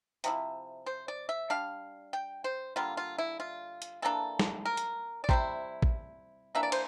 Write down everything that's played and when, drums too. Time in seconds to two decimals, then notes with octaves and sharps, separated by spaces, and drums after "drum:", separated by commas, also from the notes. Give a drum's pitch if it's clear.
0.24 C3 F3 E4, drum: hi-hat
0.86 C5
1.08 D5
1.29 E5
1.50 G3 D4 F5
2.13 G5
2.44 C5
2.76 D3 G3 A#3 F4
2.97 F4
3.18 E4
3.40 F4
3.82 drum: hi-hat
4.02 E3 A#3 D4 A4
4.39 drum: snare
4.65 A#4
4.77 drum: hi-hat
5.24 D5
5.29 C3 G3 E4 C5, drum: kick A1
5.82 drum: kick A1
6.55 E3 A#3 D4 E5
6.63 D5
6.72 C5, drum: cymbal